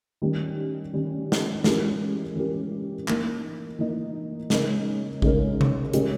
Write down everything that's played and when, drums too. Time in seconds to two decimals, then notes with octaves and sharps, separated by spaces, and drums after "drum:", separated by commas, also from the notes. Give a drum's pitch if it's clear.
0.22 D#3 G3 C#4
0.93 D#3 G3 C#4
1.32 drum: snare
1.64 E3 G#3 C#4 G4 A#4, drum: snare
2.36 E3 G#3 C#4 G4 A#4
3.08 E3 A#3 D#4, drum: clap
3.79 E3 A#3 D#4
4.50 C#3 G#3 D#4 A#4, drum: snare
5.22 C#3 G#3 D#4 A#4, drum: kick A1
5.61 drum: tom C3
5.94 C#3 G#3 D#4 G4 A#4, drum: hi-hat